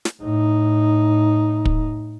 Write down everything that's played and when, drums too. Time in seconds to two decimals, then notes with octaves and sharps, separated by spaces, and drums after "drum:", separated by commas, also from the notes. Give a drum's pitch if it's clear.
0.05 drum: snare
0.21 A2 D#4
1.65 drum: kick